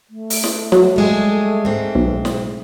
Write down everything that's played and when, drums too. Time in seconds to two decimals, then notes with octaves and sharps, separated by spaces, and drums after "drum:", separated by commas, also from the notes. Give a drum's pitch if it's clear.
0.10 A3
0.30 drum: open hi-hat
0.44 drum: snare
0.72 F#3, drum: snare
0.96 G3 G#3 G#4
1.65 G#2 C4
1.95 B1
2.25 drum: snare